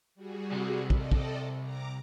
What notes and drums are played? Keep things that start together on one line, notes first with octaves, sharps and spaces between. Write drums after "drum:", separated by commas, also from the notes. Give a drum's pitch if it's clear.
G3 F#4 G#4
C2 C3
A4 D5 D#5, drum: kick
drum: kick
A#5 D6